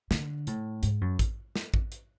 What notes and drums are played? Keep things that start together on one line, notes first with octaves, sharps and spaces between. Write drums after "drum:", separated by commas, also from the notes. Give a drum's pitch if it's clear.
D3, drum: snare
A2, drum: hi-hat
G#2, drum: hi-hat
F#2
drum: kick A1, hi-hat
drum: snare
drum: kick A1
drum: hi-hat